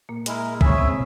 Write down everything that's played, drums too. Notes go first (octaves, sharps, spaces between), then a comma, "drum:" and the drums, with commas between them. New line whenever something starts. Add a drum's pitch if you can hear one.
A#2 A#3
G#3 E4 A#4, drum: hi-hat
G#3 C#4 E4 G#4 E5, drum: kick B1
C3 C4